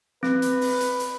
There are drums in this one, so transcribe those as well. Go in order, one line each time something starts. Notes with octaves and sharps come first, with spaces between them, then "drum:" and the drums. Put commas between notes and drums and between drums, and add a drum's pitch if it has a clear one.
C4 B4, drum: snare
drum: hi-hat
drum: open hi-hat
drum: hi-hat
drum: hi-hat